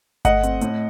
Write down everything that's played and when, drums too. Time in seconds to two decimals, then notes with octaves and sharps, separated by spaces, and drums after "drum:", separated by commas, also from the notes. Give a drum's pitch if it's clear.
0.25 A3 D#5 F#5, drum: kick G1, hi-hat
0.43 C4, drum: hi-hat
0.61 A2, drum: hi-hat